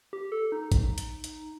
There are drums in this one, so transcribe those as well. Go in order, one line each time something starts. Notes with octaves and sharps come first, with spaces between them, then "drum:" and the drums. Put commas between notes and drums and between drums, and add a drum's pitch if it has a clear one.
G4
A4
D#4
drum: kick, hi-hat
drum: hi-hat
drum: hi-hat